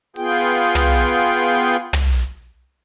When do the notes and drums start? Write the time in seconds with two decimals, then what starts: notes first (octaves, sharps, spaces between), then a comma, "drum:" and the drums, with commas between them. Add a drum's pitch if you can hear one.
0.16 B3 F4 G#4 G5, drum: hi-hat
0.55 drum: hi-hat
0.75 drum: tom
1.34 drum: hi-hat
1.93 drum: tom
2.13 drum: hi-hat